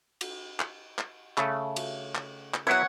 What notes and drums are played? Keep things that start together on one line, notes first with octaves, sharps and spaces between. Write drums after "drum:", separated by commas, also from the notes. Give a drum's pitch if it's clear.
drum: cymbal
drum: clap
drum: clap
C#3 A3, drum: clap
drum: cymbal
drum: clap
drum: clap
F#3 B3 E4 C#5 F#5